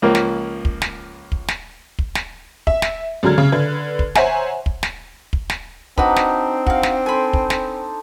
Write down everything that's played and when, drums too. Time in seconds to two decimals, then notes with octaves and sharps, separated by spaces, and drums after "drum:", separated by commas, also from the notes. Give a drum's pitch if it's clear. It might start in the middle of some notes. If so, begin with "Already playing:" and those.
0.02 C#2 F3 A#3
0.15 drum: snare
0.65 drum: kick
0.82 drum: snare
1.32 drum: kick
1.48 drum: snare
1.99 drum: kick
2.15 drum: snare
2.67 E5, drum: kick
2.82 drum: snare
3.23 C#2 D3 F#3 A#5 F6 G#6
3.38 C#3
3.52 D3 B4 G#6
3.99 drum: kick
4.15 C5 C#5 E5 F#5 G#5 A#5, drum: snare
4.66 drum: kick
4.83 drum: snare
5.33 drum: kick
5.50 drum: snare
5.98 C4 D4 D#4 F#4 B4 A#5, drum: kick
6.16 drum: snare
6.67 F#4 F5, drum: kick
6.83 drum: snare
7.06 A4 C5 G#5 B5
7.33 drum: kick
7.50 drum: snare